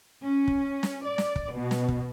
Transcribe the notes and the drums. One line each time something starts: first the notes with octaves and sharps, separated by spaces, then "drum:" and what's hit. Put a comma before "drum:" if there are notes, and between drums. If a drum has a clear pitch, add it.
C#4
drum: kick
drum: snare
D5
drum: snare
drum: kick
B2
drum: snare
drum: kick